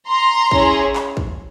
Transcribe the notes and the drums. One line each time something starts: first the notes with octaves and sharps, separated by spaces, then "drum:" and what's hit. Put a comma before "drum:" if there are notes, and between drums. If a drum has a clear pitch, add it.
A#5 C6
C#4 E4 G#4, drum: kick
drum: clap
drum: kick